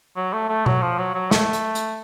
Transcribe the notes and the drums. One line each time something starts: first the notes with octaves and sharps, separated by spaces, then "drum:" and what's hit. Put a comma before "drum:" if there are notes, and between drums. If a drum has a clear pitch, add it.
F#3
A3
A3
F#3, drum: tom B2
F3
F#3
F#3
A3, drum: snare
drum: hi-hat
drum: hi-hat